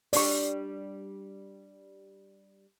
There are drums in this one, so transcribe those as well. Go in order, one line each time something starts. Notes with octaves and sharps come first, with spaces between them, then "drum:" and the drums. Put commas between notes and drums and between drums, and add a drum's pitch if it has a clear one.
G3 D4 G4 D5 C#6, drum: open hi-hat